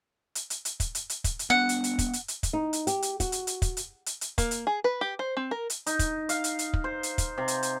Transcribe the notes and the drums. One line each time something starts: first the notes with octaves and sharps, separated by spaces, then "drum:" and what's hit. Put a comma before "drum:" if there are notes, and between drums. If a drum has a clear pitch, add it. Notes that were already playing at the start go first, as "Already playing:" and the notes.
drum: hi-hat
drum: hi-hat
drum: hi-hat
drum: kick, hi-hat
drum: hi-hat
drum: hi-hat
drum: kick, hi-hat
drum: hi-hat
B3 D4 F#5
drum: hi-hat
drum: hi-hat
drum: kick, hi-hat
drum: hi-hat
drum: hi-hat
drum: kick, hi-hat
D#4
drum: hi-hat
G4, drum: hi-hat
drum: hi-hat
F#4, drum: kick, hi-hat
drum: hi-hat
drum: hi-hat
drum: kick, hi-hat
drum: hi-hat
drum: hi-hat
drum: hi-hat
A#3, drum: kick, hi-hat
drum: hi-hat
G#4
B4
G4
C5
C4
A#4
drum: hi-hat
D#4, drum: hi-hat
drum: kick, hi-hat
F5, drum: hi-hat
drum: hi-hat
drum: hi-hat
drum: kick
C5
drum: hi-hat
drum: kick, hi-hat
C3
drum: hi-hat
drum: hi-hat